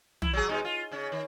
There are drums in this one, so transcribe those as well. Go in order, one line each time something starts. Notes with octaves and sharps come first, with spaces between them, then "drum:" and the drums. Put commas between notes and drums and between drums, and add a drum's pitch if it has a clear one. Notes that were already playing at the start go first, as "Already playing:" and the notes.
E4, drum: tom
F#3 G#4
B2 G#3 D#4
F4
C#3 C#4
D#3